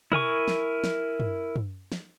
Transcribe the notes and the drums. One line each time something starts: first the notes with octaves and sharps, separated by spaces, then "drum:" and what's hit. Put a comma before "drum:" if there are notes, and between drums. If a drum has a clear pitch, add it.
E4 A#4 G#5 C#6, drum: tom
drum: snare
drum: snare
drum: tom
drum: tom
drum: snare